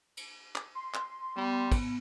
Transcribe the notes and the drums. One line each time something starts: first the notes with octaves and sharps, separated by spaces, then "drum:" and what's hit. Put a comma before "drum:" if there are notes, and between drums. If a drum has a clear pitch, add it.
drum: cymbal
drum: clap
C6
drum: clap
G3 B3
drum: kick, cymbal